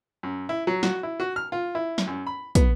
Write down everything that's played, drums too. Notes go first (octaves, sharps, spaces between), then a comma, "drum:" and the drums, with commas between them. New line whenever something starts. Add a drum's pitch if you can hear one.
F#2
E4
F#3
F#4, drum: snare
E4
F#4
F6
F4
E4
drum: snare
F#2
B5
B3, drum: kick, hi-hat